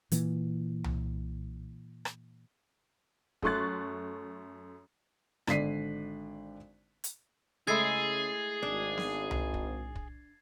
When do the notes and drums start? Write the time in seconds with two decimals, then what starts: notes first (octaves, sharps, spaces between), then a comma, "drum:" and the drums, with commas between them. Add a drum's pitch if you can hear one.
0.12 A#2 E3 A#3, drum: hi-hat
0.84 drum: tom C2
2.05 drum: rim click
3.42 F#2 A3 C6 C#6 F#6 A6, drum: kick
5.47 G#1 D3 D5 B6 C7 D#7, drum: rim click
7.04 drum: hi-hat
7.67 C#3 G#3 A3 E4 G#4 G#6 A6 C7
8.63 G#1 D4
8.98 drum: snare B3
9.31 drum: tom C2
9.54 drum: kick
9.95 drum: kick